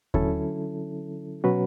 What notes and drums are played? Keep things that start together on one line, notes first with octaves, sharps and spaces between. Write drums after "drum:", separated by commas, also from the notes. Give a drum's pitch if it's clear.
D3 F#3 C#4 E4 A4, drum: kick D#2
B2 F#3 C#4 F#4 B4